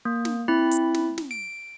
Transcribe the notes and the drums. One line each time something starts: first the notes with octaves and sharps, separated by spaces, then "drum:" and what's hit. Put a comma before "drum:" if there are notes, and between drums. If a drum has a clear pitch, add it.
A#3
drum: snare
C4 E4 B5
drum: hi-hat
drum: snare
drum: snare
D7